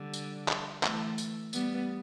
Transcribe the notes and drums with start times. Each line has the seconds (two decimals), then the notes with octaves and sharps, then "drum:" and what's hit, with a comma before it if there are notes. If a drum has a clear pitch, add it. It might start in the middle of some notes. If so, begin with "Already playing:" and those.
Already playing: D3 G3
0.13 drum: tambourine
0.48 drum: clap
0.83 E3 A3, drum: clap
1.18 drum: tambourine
1.53 G3 B3, drum: tambourine